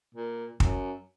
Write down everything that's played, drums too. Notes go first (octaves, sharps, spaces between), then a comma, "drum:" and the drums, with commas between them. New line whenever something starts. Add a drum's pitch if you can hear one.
A#2
F#2, drum: kick